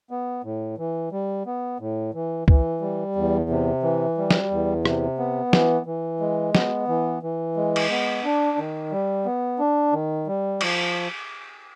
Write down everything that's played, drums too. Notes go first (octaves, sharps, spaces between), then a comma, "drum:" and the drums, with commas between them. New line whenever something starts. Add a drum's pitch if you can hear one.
B3
A2
E3
G3
B3
A2
E3
E3, drum: kick
G3
E2
C3
E3
G3
drum: snare
E2
C3, drum: rim click
B3
E3, drum: snare
E3
G#3
B3, drum: snare
E3
E3
G#3
drum: cymbal
B3
D4
D#3
G3
B3
D4
D#3
G3
F3, drum: cymbal